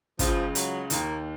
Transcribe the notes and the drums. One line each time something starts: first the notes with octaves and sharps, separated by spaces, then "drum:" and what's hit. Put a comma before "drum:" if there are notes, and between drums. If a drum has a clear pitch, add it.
C#2 C#3 F3, drum: kick, hi-hat
F#3, drum: hi-hat
D#2 D#3 A#3, drum: hi-hat